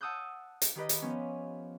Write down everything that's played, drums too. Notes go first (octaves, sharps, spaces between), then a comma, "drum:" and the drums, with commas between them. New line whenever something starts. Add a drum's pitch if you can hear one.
F#5 A5 D#6 E6 F#6 G6
drum: hi-hat
D#3 G4 B4 D#5
drum: hi-hat
F3 B3 C#4